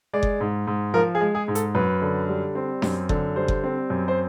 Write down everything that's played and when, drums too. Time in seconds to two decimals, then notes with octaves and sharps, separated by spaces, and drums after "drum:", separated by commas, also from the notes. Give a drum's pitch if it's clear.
0.13 G#3 D5
0.23 drum: kick F#1
0.40 G#2
0.67 G#2
0.94 F3 A#4
1.15 G#4
1.21 G#3
1.35 G#4
1.48 G#2
1.55 A4, drum: hi-hat
1.75 F#2 B4
2.02 D3
2.29 G3
2.55 C4
2.82 F#2, drum: snare D4
3.09 D3, drum: kick F#1
3.36 G3 C5
3.48 drum: kick F#1
3.64 C4
3.90 F#2
4.08 C5